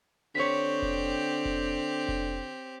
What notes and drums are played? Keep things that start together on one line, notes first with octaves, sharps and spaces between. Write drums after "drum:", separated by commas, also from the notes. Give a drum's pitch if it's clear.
D3 C4 G4 C#5 B6
drum: kick F1
drum: kick F1
drum: kick F1